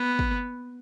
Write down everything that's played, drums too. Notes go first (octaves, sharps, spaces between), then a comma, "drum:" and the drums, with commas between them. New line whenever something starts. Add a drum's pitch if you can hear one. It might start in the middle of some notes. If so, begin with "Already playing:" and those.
Already playing: B3
drum: kick